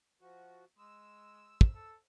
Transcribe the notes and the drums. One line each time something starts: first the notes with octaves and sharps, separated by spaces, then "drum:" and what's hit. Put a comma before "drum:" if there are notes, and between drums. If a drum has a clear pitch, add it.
F3 F#4
G#3 E6
drum: kick
A4